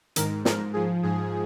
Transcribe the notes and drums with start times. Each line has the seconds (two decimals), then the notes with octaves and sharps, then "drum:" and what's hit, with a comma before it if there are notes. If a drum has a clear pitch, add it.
0.16 G#2 D#3 A#4, drum: hi-hat
0.45 G#2 F3 A#4, drum: snare
0.73 G#2 F3 G#4
1.03 G#2 F3 G#4